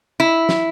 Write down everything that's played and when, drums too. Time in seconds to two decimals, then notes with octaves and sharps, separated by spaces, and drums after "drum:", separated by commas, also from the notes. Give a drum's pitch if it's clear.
0.20 E4
0.49 drum: snare